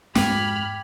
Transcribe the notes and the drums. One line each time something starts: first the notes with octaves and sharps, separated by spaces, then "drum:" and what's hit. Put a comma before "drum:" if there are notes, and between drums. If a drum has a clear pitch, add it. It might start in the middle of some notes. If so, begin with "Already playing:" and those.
F2 G#2 G#3 G5 B5 D6 F6 G#6, drum: snare